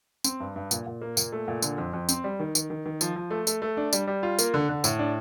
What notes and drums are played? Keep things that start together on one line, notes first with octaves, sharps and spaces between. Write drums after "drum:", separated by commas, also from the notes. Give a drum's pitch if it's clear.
C4, drum: tambourine
G2
G2
A#2, drum: tambourine
A#2
A#3
A#2, drum: tambourine
A3
A#2
D3, drum: tambourine
F2
F2
C4, drum: tambourine
G3
D#3
D#3, drum: tambourine
D#3
D#3
F3, drum: tambourine
F3
A3
A3, drum: tambourine
A3
D4
G3, drum: tambourine
G3
F4
A#3, drum: tambourine
D3
D3
A2, drum: tambourine
D4